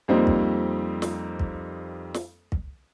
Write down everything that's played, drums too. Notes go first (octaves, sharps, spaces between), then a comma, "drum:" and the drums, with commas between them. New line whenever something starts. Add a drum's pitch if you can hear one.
F2 G3 A#3 C4 D#4
drum: kick
drum: snare
drum: kick
drum: snare
drum: kick